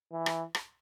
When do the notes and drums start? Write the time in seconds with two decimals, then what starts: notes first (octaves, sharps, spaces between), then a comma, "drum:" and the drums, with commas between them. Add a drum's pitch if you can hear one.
0.12 E3
0.26 drum: rim click
0.55 drum: rim click